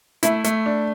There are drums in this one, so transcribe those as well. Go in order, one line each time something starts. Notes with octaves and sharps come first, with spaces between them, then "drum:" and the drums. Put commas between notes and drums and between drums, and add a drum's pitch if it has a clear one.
A3 E4, drum: hi-hat
A3, drum: hi-hat
D4